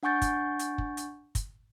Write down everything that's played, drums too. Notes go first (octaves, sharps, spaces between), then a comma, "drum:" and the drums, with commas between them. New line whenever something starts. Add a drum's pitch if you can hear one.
D4 F#5 G#5 C#6 G6 A6
drum: kick, hi-hat
drum: hi-hat
drum: kick
drum: hi-hat
drum: kick, hi-hat